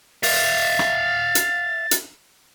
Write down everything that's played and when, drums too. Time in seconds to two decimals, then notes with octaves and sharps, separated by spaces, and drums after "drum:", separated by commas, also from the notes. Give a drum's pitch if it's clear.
0.23 E5 F5 A6, drum: open hi-hat
0.79 drum: rim click
1.35 drum: hi-hat
1.91 drum: hi-hat